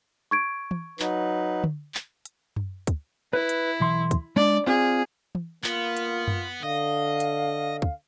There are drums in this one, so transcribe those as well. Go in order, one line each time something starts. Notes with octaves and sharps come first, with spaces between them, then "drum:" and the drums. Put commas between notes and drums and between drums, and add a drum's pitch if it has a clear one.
C#6 G#6 D7
drum: tom
F#3 D#4 B4, drum: clap
drum: tom D3
drum: clap
drum: hi-hat
drum: tom F#2
drum: kick, hi-hat
E4 B4
drum: hi-hat
B1 E3 C6
drum: kick, hi-hat
G#3 D4 D5
C4 F4 G#4 C5
drum: tom
A#3 B3 F4, drum: clap
drum: hi-hat
drum: tom F#2
D3 D#5 F5
drum: hi-hat
drum: kick